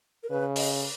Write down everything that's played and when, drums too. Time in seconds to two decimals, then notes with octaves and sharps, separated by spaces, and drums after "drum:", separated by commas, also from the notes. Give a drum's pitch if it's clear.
0.23 A#4
0.30 C#3 B4
0.56 D#5, drum: open hi-hat